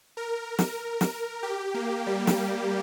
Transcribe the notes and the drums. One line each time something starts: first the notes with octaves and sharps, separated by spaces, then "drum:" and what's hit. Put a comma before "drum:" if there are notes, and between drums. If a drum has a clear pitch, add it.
A#4
drum: snare
drum: snare
G4
A#3
G3
drum: snare